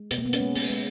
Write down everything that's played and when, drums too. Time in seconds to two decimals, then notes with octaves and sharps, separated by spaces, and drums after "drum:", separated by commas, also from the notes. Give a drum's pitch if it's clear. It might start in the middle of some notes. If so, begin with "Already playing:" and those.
Already playing: G#3
0.11 B2 B3, drum: hi-hat
0.18 A#3
0.26 B3
0.33 C#4, drum: hi-hat
0.40 G#3
0.55 B3, drum: open hi-hat
0.70 G#3